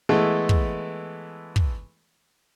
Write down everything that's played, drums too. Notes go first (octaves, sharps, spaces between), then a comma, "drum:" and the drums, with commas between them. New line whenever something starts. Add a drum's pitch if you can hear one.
E3 G#3 A3 B3 A4
drum: kick
drum: kick